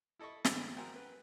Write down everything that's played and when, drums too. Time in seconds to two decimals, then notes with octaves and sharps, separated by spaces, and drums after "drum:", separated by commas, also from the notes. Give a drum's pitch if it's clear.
0.19 E4 A4 D#5 B5 C#6
0.45 F#2 A2 D3 E3 G#3 C4, drum: snare
0.77 F#4 G#4 A#4 C5 G5 G#5
0.96 B4